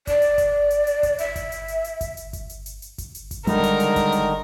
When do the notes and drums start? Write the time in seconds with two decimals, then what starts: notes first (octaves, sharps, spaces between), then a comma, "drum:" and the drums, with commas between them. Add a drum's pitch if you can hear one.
0.07 D5, drum: kick G1, hi-hat
0.22 drum: hi-hat
0.38 drum: kick G1, hi-hat
0.70 drum: hi-hat
0.87 drum: hi-hat
1.03 drum: kick G1, hi-hat
1.18 E5, drum: hi-hat
1.36 drum: kick G1, hi-hat
1.52 drum: hi-hat
1.68 drum: hi-hat
1.84 drum: hi-hat
2.01 drum: kick G1, hi-hat
2.17 drum: hi-hat
2.33 drum: kick G1, hi-hat
2.50 drum: hi-hat
2.66 drum: hi-hat
2.82 drum: hi-hat
2.98 drum: kick G1, hi-hat
3.15 drum: hi-hat
3.31 drum: kick G1, hi-hat
3.47 D3 D#3 G3 G#3 D#4 A#4, drum: hi-hat
3.63 drum: hi-hat
3.80 drum: hi-hat
3.96 drum: kick G1, hi-hat
4.12 drum: hi-hat